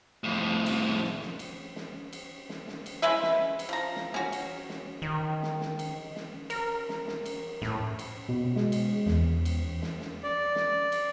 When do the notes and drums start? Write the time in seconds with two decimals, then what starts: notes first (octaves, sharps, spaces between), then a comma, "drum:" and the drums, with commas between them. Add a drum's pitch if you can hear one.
0.24 F2 A2
0.66 drum: cymbal
1.03 drum: snare
1.21 drum: snare
1.39 drum: cymbal
1.76 drum: snare
2.13 drum: cymbal
2.49 drum: snare
2.68 drum: snare
2.86 drum: cymbal
3.02 G#3 E4 B4 E5
3.23 drum: snare
3.59 drum: cymbal
3.69 F3 A#5
3.96 drum: snare
4.14 C#4 F#4, drum: snare
4.32 drum: cymbal
4.69 drum: snare
5.02 D#3
5.42 drum: snare
5.61 drum: snare
5.79 drum: cymbal
6.16 drum: snare
6.50 A#4, drum: cymbal
6.89 drum: snare
7.07 drum: snare
7.26 drum: cymbal
7.62 A2, drum: snare
7.99 drum: cymbal
8.29 B2
8.56 G#3, drum: snare
8.72 drum: cymbal
9.06 E2, drum: snare
9.45 drum: cymbal
9.82 drum: snare
10.00 drum: snare
10.23 D5
10.55 drum: snare
10.92 drum: cymbal